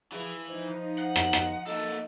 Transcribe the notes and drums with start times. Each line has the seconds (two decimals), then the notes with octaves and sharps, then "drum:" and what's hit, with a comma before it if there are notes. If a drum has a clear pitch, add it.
0.12 E3 F3 G#4
0.47 F3 D#4 C5
0.98 F#5
1.16 drum: rim click
1.33 drum: rim click
1.66 A#3 A4 D#5